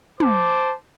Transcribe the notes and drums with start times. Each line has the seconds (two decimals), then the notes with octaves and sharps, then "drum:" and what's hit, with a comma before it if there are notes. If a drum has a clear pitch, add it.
0.20 C5 A5 D6, drum: tom